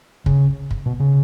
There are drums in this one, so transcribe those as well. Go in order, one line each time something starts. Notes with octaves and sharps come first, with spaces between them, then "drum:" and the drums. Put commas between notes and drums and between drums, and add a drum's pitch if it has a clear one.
C#3, drum: kick
drum: kick
B2
C#3